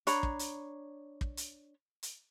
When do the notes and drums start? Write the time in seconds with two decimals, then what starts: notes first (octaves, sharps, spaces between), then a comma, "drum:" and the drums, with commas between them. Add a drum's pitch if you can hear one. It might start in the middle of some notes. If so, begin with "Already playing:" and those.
0.07 D4 C#5 A#5 B5, drum: hi-hat
0.23 drum: kick
0.39 drum: hi-hat
1.21 drum: kick
1.37 drum: hi-hat
2.03 drum: hi-hat